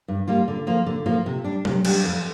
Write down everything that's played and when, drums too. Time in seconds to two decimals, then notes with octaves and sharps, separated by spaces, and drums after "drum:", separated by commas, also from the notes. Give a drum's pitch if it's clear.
0.08 G2
0.27 G3 A#3 F4
0.48 D3
0.67 F3 A#3 F4
0.86 D3
1.06 F3 A#3 F4
1.26 C3
1.44 G3 D4
1.65 C3, drum: tom F#3
1.85 G3 D4, drum: cymbal
2.04 F2